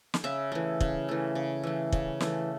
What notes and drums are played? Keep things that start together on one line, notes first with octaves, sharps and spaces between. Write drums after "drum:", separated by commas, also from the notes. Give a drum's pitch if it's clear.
drum: snare
C#3 E5
E3 A3
C#3, drum: kick
E3 A3
C#3
E3 A3
C#3, drum: kick
E3 A3, drum: snare